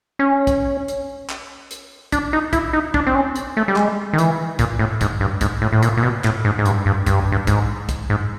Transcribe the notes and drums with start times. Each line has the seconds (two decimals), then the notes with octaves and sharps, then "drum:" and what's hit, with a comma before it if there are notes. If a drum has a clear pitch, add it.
0.19 C#4
0.47 drum: kick A#1, hi-hat
0.88 drum: hi-hat
1.30 drum: clap
1.71 drum: hi-hat
2.12 D4, drum: kick A#1, hi-hat
2.33 D#4
2.53 E4, drum: kick A#1, hi-hat
2.73 D#4
2.94 D4, drum: kick A#1
3.07 C4
3.15 C#4
3.36 drum: hi-hat
3.57 A3
3.68 G3
3.76 G#3, drum: clap
4.13 D#3
4.18 E3, drum: hi-hat
4.59 A#2, drum: kick A#1, hi-hat
4.79 A2
5.01 G#2, drum: kick A#1, hi-hat
5.21 G2
5.41 G#2, drum: kick A#1, hi-hat
5.62 A2
5.73 A2
5.83 A#2, drum: hi-hat
5.97 A#2
6.03 B2
6.24 A2, drum: clap
6.45 G#2
6.58 G#2
6.65 G2, drum: hi-hat
6.86 G2
7.06 G2, drum: kick A#1, hi-hat
7.32 G2
7.47 G#2, drum: kick A#1, hi-hat
7.89 drum: kick A#1, hi-hat
8.10 G#2